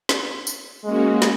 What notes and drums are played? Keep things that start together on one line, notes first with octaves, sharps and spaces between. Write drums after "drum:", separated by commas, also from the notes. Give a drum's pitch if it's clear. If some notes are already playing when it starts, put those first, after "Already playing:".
drum: snare
drum: tambourine
G#3 A#3 C#4 F#4
drum: snare